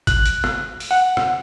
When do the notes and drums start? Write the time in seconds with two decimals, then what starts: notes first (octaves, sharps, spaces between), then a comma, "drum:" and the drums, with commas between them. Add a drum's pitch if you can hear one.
0.07 F#6, drum: kick, hi-hat
0.26 drum: hi-hat
0.44 drum: rim click
0.80 drum: open hi-hat
0.91 F#5
1.17 drum: rim click